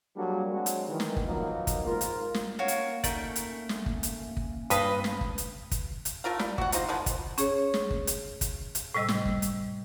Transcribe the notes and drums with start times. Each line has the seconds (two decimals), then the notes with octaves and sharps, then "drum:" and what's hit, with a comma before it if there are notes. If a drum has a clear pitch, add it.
0.17 F#3 G3 A#3 D4 F#4 G#4
0.52 F#3 G#3 C4 D4 F#4
0.66 drum: hi-hat
0.89 D#3 E3
1.00 drum: snare
1.17 drum: kick
1.28 D#3 F3 F#3 A#3 B3 D#4
1.67 drum: kick, hi-hat
1.86 G#2 F4 A#4
2.01 drum: hi-hat
2.34 drum: snare
2.59 A#3 C#4 F#4 A#4 C#5 F5
2.68 drum: hi-hat
3.04 A3 D#4 A#4 D5, drum: kick, hi-hat
3.36 drum: hi-hat
3.69 drum: snare
3.86 drum: kick
4.03 drum: hi-hat
4.37 drum: kick
4.70 G2 F4 B4 D#5 D#6, drum: hi-hat
5.04 drum: snare
5.21 drum: kick
5.38 drum: hi-hat
5.71 drum: kick, hi-hat
6.05 drum: hi-hat
6.24 A3 F4 A#4 F5
6.39 G3, drum: snare
6.58 F#4 F#5, drum: kick
6.72 C4 D#4 F4 C5, drum: hi-hat
6.89 D#3 F3 G#3 B3
7.06 drum: kick, hi-hat
7.38 C#4 G#4 C#5, drum: hi-hat
7.74 drum: snare
7.91 drum: kick
8.07 drum: hi-hat
8.41 drum: kick, hi-hat
8.75 drum: hi-hat
8.94 A2 C3 G3 D#5 E6
9.08 drum: snare
9.25 drum: kick
9.42 drum: hi-hat